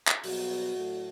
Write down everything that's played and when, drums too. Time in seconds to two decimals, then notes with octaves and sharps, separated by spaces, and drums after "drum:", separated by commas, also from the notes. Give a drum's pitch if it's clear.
0.08 drum: clap
0.24 B2 F#3 G3 B3 F#4, drum: open hi-hat
0.76 A2 F#3 A3